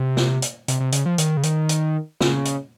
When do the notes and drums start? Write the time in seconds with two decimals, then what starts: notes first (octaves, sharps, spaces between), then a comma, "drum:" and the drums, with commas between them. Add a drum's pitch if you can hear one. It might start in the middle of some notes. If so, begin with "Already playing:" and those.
Already playing: C3
0.17 drum: snare
0.42 drum: hi-hat
0.68 C3, drum: hi-hat
0.80 C3
0.92 C#3, drum: hi-hat
1.06 F3
1.18 D#3, drum: hi-hat
1.37 C#3
1.43 D#3, drum: hi-hat
1.69 drum: hi-hat
2.21 C#3, drum: snare
2.45 drum: hi-hat